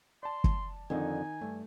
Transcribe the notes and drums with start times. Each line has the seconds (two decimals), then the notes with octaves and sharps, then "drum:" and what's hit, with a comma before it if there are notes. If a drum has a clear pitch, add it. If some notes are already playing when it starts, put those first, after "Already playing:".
0.23 D5 A5 C6
0.44 drum: kick
0.90 F2 D3 D#3 D#4 G#5
1.41 G2 A3